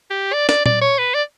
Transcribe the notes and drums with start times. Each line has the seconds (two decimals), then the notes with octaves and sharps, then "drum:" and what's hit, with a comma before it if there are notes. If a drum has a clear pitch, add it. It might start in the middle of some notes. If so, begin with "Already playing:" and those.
0.10 G4
0.33 D5
0.49 D5, drum: snare
0.66 D5, drum: tom A#2
0.81 C#5
0.98 B4
1.14 D5